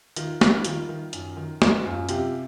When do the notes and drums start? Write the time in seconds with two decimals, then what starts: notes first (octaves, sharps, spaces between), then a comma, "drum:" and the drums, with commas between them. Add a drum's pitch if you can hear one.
0.16 D#3 F4, drum: hi-hat
0.41 G3, drum: snare
0.64 D#3 F4, drum: hi-hat
0.89 D#3
1.13 F#2, drum: hi-hat
1.37 D#3
1.62 G#3, drum: snare
1.80 F#4
1.86 F#2 F4
2.09 C3 F4 G4, drum: hi-hat